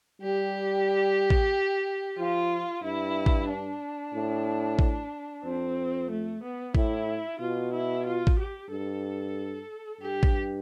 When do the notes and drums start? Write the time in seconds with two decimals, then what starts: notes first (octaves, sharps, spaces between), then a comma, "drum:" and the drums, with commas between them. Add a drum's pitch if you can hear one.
0.22 G3 G4
1.30 drum: kick A1
2.18 F3 F4
2.83 G2 E4
3.26 drum: kick A1
3.48 D4
4.14 A2
4.79 drum: kick A1
5.44 F2 C4
6.09 A3
6.42 B3
6.75 A2 E4, drum: kick A1
7.40 B2 F4
7.72 E4
8.05 F4
8.27 drum: kick A1
8.38 G4
8.70 G2 A4
10.01 G2 G4
10.23 drum: kick A1